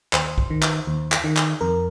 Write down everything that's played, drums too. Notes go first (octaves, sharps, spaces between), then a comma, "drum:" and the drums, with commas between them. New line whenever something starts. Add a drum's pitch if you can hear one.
D#2 C5, drum: clap
drum: kick
D#3
drum: clap
D#2
drum: clap
D#3
drum: clap
F2 A#4